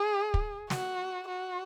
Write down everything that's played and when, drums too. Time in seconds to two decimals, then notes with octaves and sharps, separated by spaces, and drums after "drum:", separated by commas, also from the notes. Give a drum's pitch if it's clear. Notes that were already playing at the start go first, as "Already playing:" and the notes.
Already playing: G#4
0.34 drum: kick
0.70 F#4, drum: snare
1.28 F#4